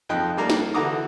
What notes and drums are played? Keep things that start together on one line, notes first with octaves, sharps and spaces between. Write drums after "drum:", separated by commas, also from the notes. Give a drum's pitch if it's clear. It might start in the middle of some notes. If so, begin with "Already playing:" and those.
F2 F3 D#4 G5 F#6
G3 A3 A#3 D5 A#5
drum: snare
D3 E3 F#4 A#5 D6 D#6